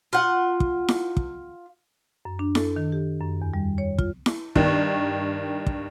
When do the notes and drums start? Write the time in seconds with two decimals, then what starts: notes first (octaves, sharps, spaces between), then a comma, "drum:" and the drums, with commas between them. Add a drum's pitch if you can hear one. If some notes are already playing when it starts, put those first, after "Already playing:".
0.13 F4 F#5
0.60 drum: kick
0.88 drum: snare E4
1.17 drum: kick
2.25 F#2
2.39 D4
2.55 A4, drum: snare E4
2.76 D#3
2.92 G4
3.20 F#2
3.42 E2
3.54 G3
3.78 C#5
3.99 F4, drum: kick
4.26 drum: snare E4
4.56 G2 D#3, drum: kick
5.66 drum: kick